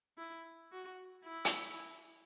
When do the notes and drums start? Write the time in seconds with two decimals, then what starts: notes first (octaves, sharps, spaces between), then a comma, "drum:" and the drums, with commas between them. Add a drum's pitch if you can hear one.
0.18 E4
0.72 F#4
1.25 E4
1.45 drum: hi-hat